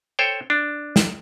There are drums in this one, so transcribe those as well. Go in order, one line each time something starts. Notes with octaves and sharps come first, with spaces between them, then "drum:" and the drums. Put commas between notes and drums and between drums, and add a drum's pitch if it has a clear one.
A4 C5 C#5 G5
D4
drum: snare